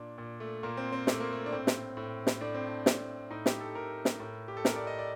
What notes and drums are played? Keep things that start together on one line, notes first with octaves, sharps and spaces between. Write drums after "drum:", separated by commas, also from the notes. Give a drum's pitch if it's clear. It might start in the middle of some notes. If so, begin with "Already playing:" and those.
Already playing: A#2 D4
A#2
A3
A#2 A#3
C4
C4
A#2 A3, drum: snare
A#3
A3
D4
A2 C4
drum: snare
A2
drum: snare
A2 D4
C4
D4
A2, drum: snare
A2 D#4
G4, drum: snare
A4
A2 A#4
drum: snare
A2
G4
A4
A2 A#4, drum: snare
D5
D#5
D5